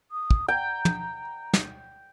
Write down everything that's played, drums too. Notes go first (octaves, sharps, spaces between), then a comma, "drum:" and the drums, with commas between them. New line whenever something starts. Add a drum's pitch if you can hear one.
D#6
drum: kick
G5 A#5
drum: tom
drum: snare